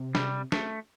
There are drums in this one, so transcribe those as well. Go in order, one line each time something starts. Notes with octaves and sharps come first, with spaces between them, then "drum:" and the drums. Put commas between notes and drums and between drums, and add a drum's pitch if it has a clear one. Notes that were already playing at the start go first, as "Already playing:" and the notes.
Already playing: C3
G3, drum: snare
A3, drum: snare